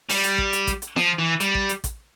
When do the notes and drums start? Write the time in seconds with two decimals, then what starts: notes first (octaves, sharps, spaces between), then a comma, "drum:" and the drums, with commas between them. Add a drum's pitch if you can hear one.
0.09 G3, drum: open hi-hat
0.24 drum: hi-hat
0.38 drum: kick A1
0.53 drum: hi-hat
0.67 drum: kick A1, hi-hat
0.82 drum: hi-hat
0.96 F3, drum: snare
1.18 E3
1.40 G3, drum: hi-hat
1.55 drum: kick A1
1.69 drum: hi-hat
1.84 drum: kick A1, hi-hat